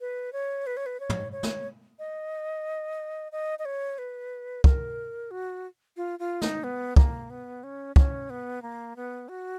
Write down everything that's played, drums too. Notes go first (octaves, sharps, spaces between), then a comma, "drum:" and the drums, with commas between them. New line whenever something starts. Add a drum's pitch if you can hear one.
B4
C#5
B4
C#5
B4
C#5
drum: tom
C#5
drum: snare
D#5
D#5
D#5
C#5
B4
A#4, drum: kick
F#4
F4
F4
D#4, drum: snare
B3
A#3, drum: kick
B3
C#4
C#4, drum: kick
B3
A#3
B3
F#4